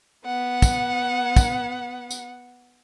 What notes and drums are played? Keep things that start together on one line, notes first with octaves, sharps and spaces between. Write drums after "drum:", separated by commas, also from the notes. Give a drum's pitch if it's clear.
B3 F#5
drum: kick, tambourine
drum: kick, tambourine
drum: tambourine